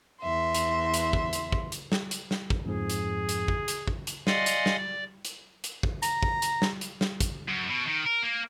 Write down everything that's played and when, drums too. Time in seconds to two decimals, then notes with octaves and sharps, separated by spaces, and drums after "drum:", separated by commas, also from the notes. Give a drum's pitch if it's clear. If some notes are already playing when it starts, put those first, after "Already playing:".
0.21 E2 E5 C6
0.54 drum: hi-hat
0.94 drum: hi-hat
1.13 drum: kick
1.33 drum: hi-hat
1.52 drum: kick
1.72 drum: hi-hat
1.92 drum: snare
2.11 drum: hi-hat
2.31 drum: snare
2.50 drum: kick
2.65 F2 G#2 F3 G#4
2.90 drum: hi-hat
3.29 drum: hi-hat
3.48 drum: kick
3.68 drum: hi-hat
3.88 drum: kick
4.07 drum: hi-hat
4.27 D5 D#5 F5 F#5 G#5 C6, drum: snare
4.46 drum: hi-hat
4.66 drum: snare
4.77 D5
5.25 drum: hi-hat
5.64 drum: hi-hat
5.83 drum: kick
6.03 A#5, drum: hi-hat
6.23 drum: kick
6.42 drum: hi-hat
6.62 drum: snare
6.81 drum: hi-hat
7.01 drum: snare
7.21 drum: kick, hi-hat
7.48 F#2
7.68 B2
7.87 D#3
8.05 A#4
8.23 A#3